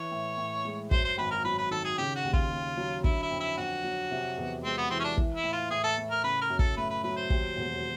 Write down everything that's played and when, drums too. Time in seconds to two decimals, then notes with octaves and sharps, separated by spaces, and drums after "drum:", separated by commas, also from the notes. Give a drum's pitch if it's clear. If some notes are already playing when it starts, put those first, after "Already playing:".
Already playing: E3 C#5
0.11 A2
0.38 A2
0.65 G#3
0.91 F#2 C5, drum: kick
1.05 C5
1.18 G#1 B4
1.31 A#4
1.45 F#3 B4
1.58 B4
1.71 D#3 A4
1.85 G#4
1.98 C#3 G4
2.16 F#4
2.24 D#2
2.33 F4, drum: kick
2.51 D#2
2.77 F#3
3.04 D3 E4, drum: kick
3.22 E4
3.31 F2
3.40 E4
3.57 F2 F#4
3.84 F#3
4.11 C3
4.38 E2
4.64 G#3 C4
4.77 B3
4.90 E3 C4
5.00 C#4
5.04 D4
5.18 E3, drum: kick
5.35 E4
5.44 A2
5.53 F4
5.71 A2 G#4
5.84 A4
5.98 A3
6.11 A#4
6.24 C#3 B4
6.41 A#4
6.50 F#2
6.59 A4, drum: kick
6.77 A3 B4
6.90 B4
7.04 F#3 B4
7.17 C5
7.30 D#2, drum: kick
7.57 E1